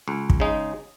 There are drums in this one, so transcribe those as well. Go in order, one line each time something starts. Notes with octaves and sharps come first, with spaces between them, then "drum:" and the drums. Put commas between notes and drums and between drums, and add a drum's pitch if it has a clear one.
C#2
drum: kick
C#3 G#3 D#4